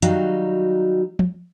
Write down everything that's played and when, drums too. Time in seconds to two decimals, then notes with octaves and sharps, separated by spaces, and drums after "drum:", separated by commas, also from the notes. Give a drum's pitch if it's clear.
0.02 D#3 F#3 G3 D#4 F#4 F5, drum: hi-hat
1.19 drum: tom F3